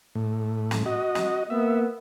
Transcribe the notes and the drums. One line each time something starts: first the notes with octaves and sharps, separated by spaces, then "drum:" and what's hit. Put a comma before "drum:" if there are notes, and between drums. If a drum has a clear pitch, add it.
A2
drum: snare
F#4 D#5
drum: snare
A#3 B3 E5